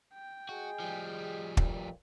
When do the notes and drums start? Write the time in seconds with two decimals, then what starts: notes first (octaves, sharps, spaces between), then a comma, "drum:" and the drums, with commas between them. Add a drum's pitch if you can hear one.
0.13 G5
0.49 G#3 F#4 G#4
0.80 F3 G3
1.57 B1 F2 A#2, drum: kick